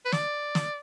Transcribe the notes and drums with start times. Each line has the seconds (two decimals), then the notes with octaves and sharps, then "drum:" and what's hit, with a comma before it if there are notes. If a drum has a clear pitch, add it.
0.05 B4
0.12 D5, drum: snare
0.55 drum: snare